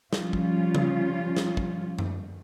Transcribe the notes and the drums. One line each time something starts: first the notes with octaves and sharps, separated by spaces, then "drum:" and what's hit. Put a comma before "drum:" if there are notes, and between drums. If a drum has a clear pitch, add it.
F3 G3 C#4 F4, drum: snare
drum: kick
drum: tom C#3
drum: snare
drum: kick
drum: tom F#2